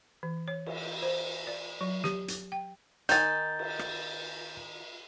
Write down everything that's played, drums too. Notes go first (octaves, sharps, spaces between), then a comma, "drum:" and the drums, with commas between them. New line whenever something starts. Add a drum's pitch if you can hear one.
E3
C#5
drum: cymbal
C5
D5
F#3
G4, drum: snare
drum: hi-hat
G5
D#3 G#5 G6 A6, drum: hi-hat
drum: cymbal
drum: rim click